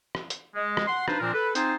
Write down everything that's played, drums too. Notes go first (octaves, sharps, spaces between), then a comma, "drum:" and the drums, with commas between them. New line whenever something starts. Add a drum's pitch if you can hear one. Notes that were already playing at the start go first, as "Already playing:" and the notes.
drum: rim click
drum: hi-hat
G#3
drum: rim click
F#5 C6
D4 D#4 F4 B4 C5, drum: rim click
A#2 F3 C4 D4 A#4
A4 B4
C4 D#4 F4 G#4 C5, drum: hi-hat